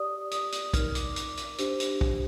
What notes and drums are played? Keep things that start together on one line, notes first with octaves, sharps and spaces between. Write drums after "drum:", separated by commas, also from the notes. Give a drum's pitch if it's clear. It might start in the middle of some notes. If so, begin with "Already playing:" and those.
Already playing: G4 D5 D#6
D#6, drum: hi-hat
drum: hi-hat
D#4 A#4 D5 F6, drum: kick, hi-hat
D6, drum: hi-hat
drum: hi-hat
drum: hi-hat
D4 G4 C5, drum: hi-hat
drum: hi-hat
drum: kick